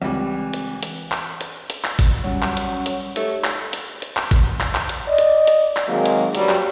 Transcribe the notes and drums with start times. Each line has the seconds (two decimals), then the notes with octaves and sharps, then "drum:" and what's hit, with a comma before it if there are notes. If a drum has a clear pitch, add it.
0.02 C#2 E3 G3 C4
0.54 drum: hi-hat
0.83 drum: hi-hat
1.12 drum: clap
1.41 drum: hi-hat
1.70 drum: hi-hat
1.84 drum: clap
1.99 drum: kick G#1, open hi-hat
2.24 F#3 G3 C#4
2.42 drum: clap
2.57 drum: hi-hat
2.86 drum: hi-hat
3.16 A3 D#4 G4 C#5, drum: hi-hat
3.44 drum: clap
3.73 drum: hi-hat
4.02 drum: hi-hat
4.17 drum: clap
4.31 drum: kick G#1, open hi-hat
4.60 drum: clap
4.75 drum: clap
4.89 drum: hi-hat
5.08 D5 D#5
5.18 drum: hi-hat
5.47 drum: hi-hat
5.76 drum: clap
5.87 D#3 F#3 G#3 A#3 C4
6.06 drum: hi-hat
6.35 G2 F#3 G3, drum: hi-hat
6.49 drum: clap